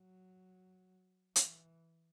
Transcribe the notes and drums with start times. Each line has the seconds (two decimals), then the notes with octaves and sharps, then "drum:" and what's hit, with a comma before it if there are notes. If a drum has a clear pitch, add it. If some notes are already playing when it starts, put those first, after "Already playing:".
Already playing: F#3
1.36 E3, drum: hi-hat